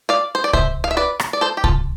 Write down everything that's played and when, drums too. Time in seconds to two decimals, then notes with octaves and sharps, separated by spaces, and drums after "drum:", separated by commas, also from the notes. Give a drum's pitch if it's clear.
0.09 D5 F5
0.35 C5
0.44 D5
0.53 C5 E5, drum: kick C2
0.84 F5
0.91 E5
0.97 B4 D5
1.20 drum: rim click
1.33 D5
1.41 A4 C5
1.57 G4
1.64 F4 A4, drum: kick C2